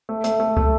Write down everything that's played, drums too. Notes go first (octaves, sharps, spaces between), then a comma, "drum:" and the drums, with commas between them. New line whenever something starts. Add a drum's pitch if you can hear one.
A3
A3, drum: hi-hat
A3
A3, drum: kick